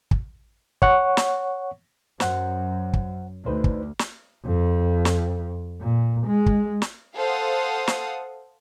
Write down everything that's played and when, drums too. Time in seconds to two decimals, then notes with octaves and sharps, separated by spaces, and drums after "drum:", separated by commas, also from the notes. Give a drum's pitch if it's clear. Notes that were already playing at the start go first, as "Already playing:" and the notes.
0.11 drum: kick
0.82 C#5 F#5 C#6, drum: kick
1.17 drum: snare
2.20 F#2 C5 F#5, drum: snare
2.93 drum: kick
3.46 D2 D#4 B4 C5
3.64 drum: kick
3.99 drum: snare
4.45 F2
5.05 drum: snare
5.81 A#2
6.27 G#3
6.46 drum: kick
6.82 drum: snare
7.17 A4 C5 F5 F#5 D#6
7.87 drum: snare